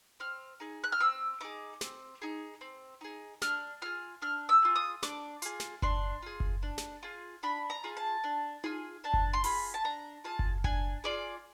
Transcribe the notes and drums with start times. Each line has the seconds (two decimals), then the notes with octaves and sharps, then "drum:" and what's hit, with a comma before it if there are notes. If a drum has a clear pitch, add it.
0.20 C4 F6
0.60 D#4 G#4
0.84 F#6
0.92 F6
1.00 C4 E6
1.41 D#4 G#4 D6
1.81 C4, drum: snare
2.22 D#4 G#4
2.61 C4
3.01 D#4 G#4
3.42 D4 F6, drum: snare
3.82 F4 G#4 F6
4.22 D4 F6
4.49 E6
4.62 F4 G#4
4.76 D#6
5.03 D4 D6, drum: snare
5.42 F4 G#4, drum: hi-hat
5.60 drum: snare
5.82 D4 C6, drum: kick F#1
6.23 F4 G#4
6.40 drum: kick F#1
6.63 D4
6.78 drum: snare
7.03 F4 G#4
7.43 D4 B5
7.70 A#5
7.84 F4 G#4
7.97 A5
8.24 D4
8.64 F4 G#4, drum: tom D#4
9.04 D4 A5
9.14 drum: kick F#1
9.33 C6
9.44 F4 G#4 B5, drum: open hi-hat
9.74 A5
9.84 D4 A#5
10.24 F4 G#4 A5
10.39 drum: kick F#1
10.64 D4 G#5, drum: kick F#1
11.04 F4 G#4 D5